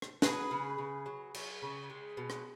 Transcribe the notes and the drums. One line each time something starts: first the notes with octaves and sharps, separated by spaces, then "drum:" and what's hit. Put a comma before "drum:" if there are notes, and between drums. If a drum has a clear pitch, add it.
drum: rim click
F#3 G#4 B4, drum: snare
C#3
C#3
F#3
F#3, drum: cymbal
C#3
G#3
B2
drum: rim click